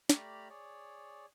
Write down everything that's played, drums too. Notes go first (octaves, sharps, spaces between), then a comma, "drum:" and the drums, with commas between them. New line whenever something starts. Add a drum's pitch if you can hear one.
A3 G4 D5 A#5 B5 F6, drum: snare
G#4 C#5 D5